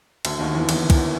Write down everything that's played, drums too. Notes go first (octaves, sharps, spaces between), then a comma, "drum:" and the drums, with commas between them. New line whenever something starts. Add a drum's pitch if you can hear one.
D2 D3, drum: cymbal
D#2 D#3
E2 E3
E2 E3, drum: cymbal
E2 E3, drum: kick, cymbal